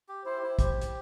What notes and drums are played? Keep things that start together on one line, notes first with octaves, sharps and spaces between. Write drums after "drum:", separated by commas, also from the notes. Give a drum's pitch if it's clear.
G4
E4 C5
G4
E4
G4 C5, drum: kick, hi-hat
drum: hi-hat